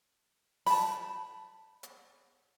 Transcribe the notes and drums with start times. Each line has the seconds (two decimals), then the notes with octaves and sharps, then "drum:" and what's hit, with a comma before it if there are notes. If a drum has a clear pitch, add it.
0.66 A5 B5, drum: open hi-hat
1.83 drum: hi-hat